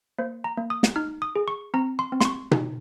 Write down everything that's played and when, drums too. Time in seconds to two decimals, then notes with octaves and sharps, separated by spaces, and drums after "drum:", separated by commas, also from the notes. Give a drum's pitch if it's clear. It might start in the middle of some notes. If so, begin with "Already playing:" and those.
0.19 A#3 C5
0.44 A#5
0.57 A#3
0.70 D#6
0.83 drum: snare
0.96 D#4 F6
1.22 D#6
1.36 G#4
1.48 C#6
1.74 C4 A#5
1.99 C6
2.12 C4
2.21 C6, drum: snare
2.25 C#6
2.51 D#4, drum: tom B2